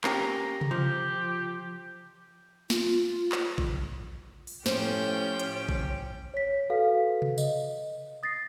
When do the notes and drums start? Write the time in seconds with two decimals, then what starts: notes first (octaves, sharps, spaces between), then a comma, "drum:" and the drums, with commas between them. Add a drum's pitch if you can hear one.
0.04 A#3 C#4 G4 A#5, drum: clap
0.61 drum: tom C3
0.71 F3 G4
2.70 F4, drum: snare
3.32 drum: clap
3.58 drum: kick A#1
4.47 drum: open hi-hat
4.66 A2 F3 C#4 G4 C5 G5, drum: snare
5.39 drum: hi-hat
5.69 drum: kick A#1
6.34 C#5 B6
6.70 F#4 A4 B4 F5
7.22 drum: tom C3
7.38 D#5, drum: tambourine
8.23 D#6 A6 A#6 C7